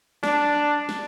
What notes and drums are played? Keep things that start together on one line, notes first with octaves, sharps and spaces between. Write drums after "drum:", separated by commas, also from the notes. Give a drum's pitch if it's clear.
D4, drum: snare
drum: snare